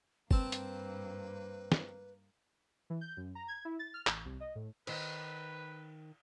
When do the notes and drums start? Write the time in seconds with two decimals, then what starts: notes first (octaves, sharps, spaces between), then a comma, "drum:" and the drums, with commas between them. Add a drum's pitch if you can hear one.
0.31 G2 A#3 C4 B4 A5, drum: kick
0.52 drum: hi-hat
1.72 drum: snare
2.90 E3
3.01 G6
3.17 F#2
3.35 A#5
3.48 G#6
3.65 E4
3.79 A6
3.94 F6
4.07 A1, drum: clap
4.25 C2
4.40 D#5
4.55 A2
4.87 D#3 B4 C5, drum: cymbal